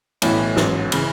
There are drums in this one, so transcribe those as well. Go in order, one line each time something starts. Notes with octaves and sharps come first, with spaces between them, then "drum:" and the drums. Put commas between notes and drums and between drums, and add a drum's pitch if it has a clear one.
B1 A2 E3 C#4, drum: cymbal
A1 G#2 F#3, drum: snare
C#3 E3, drum: cymbal